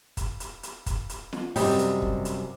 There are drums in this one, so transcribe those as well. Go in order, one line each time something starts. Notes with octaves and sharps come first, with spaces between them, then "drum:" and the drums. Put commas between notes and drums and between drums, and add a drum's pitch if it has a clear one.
drum: kick, hi-hat
drum: hi-hat
drum: hi-hat
drum: kick, hi-hat
drum: hi-hat
drum: snare
F#2 C3 G3 D#5 G5, drum: open hi-hat
drum: hi-hat
drum: kick
drum: hi-hat